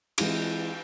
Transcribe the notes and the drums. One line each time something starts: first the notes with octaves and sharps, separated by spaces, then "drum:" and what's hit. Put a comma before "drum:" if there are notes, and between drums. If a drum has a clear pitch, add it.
E3 G#3 C4 E4, drum: cymbal